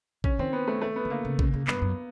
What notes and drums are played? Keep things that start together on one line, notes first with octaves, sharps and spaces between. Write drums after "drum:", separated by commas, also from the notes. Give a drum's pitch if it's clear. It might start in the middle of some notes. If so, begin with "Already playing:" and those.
D3 C#4, drum: kick A1
D#3 C4
B3
A3
A3
B3
D#3
D3 A#3
C#3
C#3, drum: kick A1
C#3
G2 B3, drum: clap
F#2